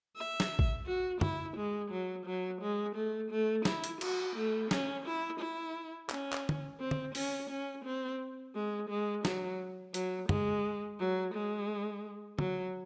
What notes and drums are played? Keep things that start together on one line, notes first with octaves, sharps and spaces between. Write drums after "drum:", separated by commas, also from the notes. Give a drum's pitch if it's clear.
E5
drum: snare
drum: kick A1
F#4
E4, drum: tom
G#3
F#3
F#3
G#3
A3
A3
E4, drum: snare
drum: hi-hat
F#4, drum: cymbal
A3
C#4, drum: snare
E4
E4
C#4, drum: clap
drum: clap
drum: tom
C4
drum: tom
C#4, drum: open hi-hat
C#4
C4
G#3
G#3
F#3, drum: snare
F#3, drum: hi-hat
G#3, drum: tom
F#3
G#3
F#3, drum: tom